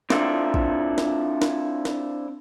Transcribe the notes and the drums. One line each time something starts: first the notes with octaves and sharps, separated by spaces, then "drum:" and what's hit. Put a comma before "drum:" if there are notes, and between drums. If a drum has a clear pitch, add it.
C4 D4 E4 F4 A4, drum: snare
drum: kick A1
drum: snare
drum: snare
drum: snare